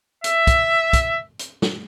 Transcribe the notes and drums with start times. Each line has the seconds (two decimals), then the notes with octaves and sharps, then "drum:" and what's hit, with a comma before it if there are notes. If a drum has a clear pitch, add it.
0.24 E5, drum: hi-hat
0.47 drum: kick, hi-hat
0.93 drum: kick, hi-hat
1.39 drum: hi-hat
1.62 drum: snare